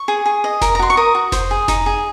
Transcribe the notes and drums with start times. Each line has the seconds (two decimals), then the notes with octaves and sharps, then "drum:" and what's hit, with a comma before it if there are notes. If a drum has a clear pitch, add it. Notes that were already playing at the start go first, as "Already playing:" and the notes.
Already playing: C#6
0.08 G#4
0.26 G#4
0.44 D#5
0.61 A#4, drum: snare F1
0.75 A#5
0.79 F#4 C6
0.90 C#6
0.97 A#4 D#6
1.15 F#4
1.32 C5, drum: snare F1
1.51 G#4
1.68 D#4, drum: snare F1
1.86 G#4